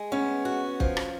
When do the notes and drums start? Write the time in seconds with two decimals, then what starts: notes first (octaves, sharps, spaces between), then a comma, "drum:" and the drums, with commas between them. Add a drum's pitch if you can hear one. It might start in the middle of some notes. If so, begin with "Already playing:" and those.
Already playing: G#3
0.12 B3 C#4
0.45 F#4
0.80 F3, drum: kick
0.97 drum: rim click